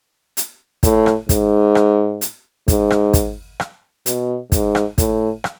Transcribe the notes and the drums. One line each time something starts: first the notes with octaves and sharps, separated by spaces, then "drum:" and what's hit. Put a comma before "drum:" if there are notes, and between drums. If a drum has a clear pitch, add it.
drum: hi-hat
A2, drum: kick, hi-hat
drum: rim click
G#2, drum: kick, hi-hat
drum: rim click
drum: hi-hat
G#2, drum: kick, hi-hat
drum: rim click
drum: kick, hi-hat
drum: rim click
B2, drum: hi-hat
G#2, drum: kick, hi-hat
drum: rim click
A2, drum: kick, hi-hat
drum: rim click